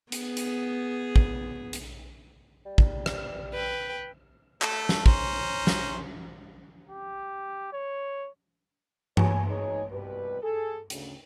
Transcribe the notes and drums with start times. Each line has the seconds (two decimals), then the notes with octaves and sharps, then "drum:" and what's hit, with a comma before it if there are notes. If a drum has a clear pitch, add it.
0.12 B3 G#4, drum: hi-hat
0.37 drum: hi-hat
1.16 drum: kick
1.73 drum: hi-hat
2.66 G3
2.78 drum: kick
3.06 drum: rim click
3.54 B4 G5
4.62 A3 A4, drum: clap
4.89 drum: snare
5.06 C#4 C5 A#5, drum: kick
5.67 drum: snare
6.89 G4
7.73 C#5
9.17 C#5 G#5, drum: tom
9.49 D#4 G#4 C#5
9.91 C2 B2 G3 G4 B4
10.42 G#4 A4
10.90 D2 C#3, drum: hi-hat